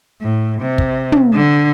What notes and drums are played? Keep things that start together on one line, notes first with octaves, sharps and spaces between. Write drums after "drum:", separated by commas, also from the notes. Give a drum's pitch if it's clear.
A2
C3
drum: kick
drum: tom
D3